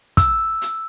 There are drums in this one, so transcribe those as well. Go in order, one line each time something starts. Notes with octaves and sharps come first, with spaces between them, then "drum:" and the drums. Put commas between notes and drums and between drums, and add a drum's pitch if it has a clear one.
E6, drum: kick, hi-hat
drum: hi-hat